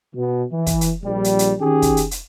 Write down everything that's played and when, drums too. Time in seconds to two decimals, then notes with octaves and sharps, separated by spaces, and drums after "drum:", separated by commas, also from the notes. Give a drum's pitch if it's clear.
0.15 B2
0.52 E3
0.67 drum: kick, hi-hat
0.81 drum: hi-hat
1.04 A#1 G3
1.24 drum: hi-hat
1.39 drum: hi-hat
1.60 D#3 C#4 G4 G#4
1.82 drum: kick, hi-hat
1.97 drum: hi-hat
2.11 drum: hi-hat